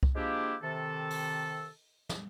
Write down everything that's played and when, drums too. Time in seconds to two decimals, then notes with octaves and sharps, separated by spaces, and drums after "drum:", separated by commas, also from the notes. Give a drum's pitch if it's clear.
0.03 drum: kick C2
0.15 F3 G#3 A#3 D4 E4 G4
0.62 C3 D#3 A4
1.10 drum: open hi-hat
2.09 drum: snare